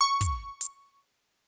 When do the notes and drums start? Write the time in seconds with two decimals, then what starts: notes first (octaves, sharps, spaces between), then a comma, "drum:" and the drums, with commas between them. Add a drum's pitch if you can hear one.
0.01 C#6
0.21 drum: kick, hi-hat
0.61 drum: hi-hat